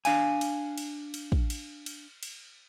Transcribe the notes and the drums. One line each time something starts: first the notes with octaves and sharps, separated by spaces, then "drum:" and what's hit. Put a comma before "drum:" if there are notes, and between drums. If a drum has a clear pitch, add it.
D4 F5 G#5, drum: cymbal
drum: cymbal
drum: cymbal
drum: cymbal
drum: kick
drum: cymbal
drum: cymbal
drum: cymbal